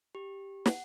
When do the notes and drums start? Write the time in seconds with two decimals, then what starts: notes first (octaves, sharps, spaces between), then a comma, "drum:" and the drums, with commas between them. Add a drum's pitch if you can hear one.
0.15 G4
0.66 F#5, drum: snare